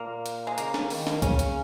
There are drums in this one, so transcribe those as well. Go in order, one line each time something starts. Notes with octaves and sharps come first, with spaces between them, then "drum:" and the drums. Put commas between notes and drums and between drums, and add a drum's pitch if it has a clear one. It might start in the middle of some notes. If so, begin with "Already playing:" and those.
Already playing: A#2 A#3
drum: hi-hat
G#3
C#3 A#3, drum: hi-hat
drum: snare
D#3, drum: open hi-hat
drum: snare
C#3 C#4, drum: kick C2, hi-hat
drum: hi-hat